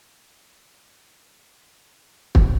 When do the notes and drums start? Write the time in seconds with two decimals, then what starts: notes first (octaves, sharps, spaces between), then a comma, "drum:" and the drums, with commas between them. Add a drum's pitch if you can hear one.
0.13 C#4
1.15 D4
2.35 drum: kick